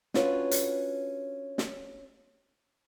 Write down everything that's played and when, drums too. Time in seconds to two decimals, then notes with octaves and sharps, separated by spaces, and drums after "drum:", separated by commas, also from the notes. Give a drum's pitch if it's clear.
0.14 C#4 D4 F4 F#4 B4 C#5, drum: snare
0.51 drum: hi-hat
1.58 drum: snare